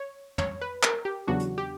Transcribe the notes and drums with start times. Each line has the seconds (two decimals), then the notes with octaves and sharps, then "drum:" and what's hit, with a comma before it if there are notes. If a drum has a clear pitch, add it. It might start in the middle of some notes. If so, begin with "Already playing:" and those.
Already playing: C#5
0.38 C#5, drum: tom
0.62 B4
0.83 A#4, drum: clap
1.05 G4
1.27 E2 C#3 F#3 B3 D4 F#4
1.40 drum: hi-hat
1.58 G4